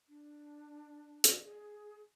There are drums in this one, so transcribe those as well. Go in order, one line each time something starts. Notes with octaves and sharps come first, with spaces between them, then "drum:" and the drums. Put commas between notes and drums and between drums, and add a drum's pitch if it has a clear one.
D4
drum: hi-hat
G#4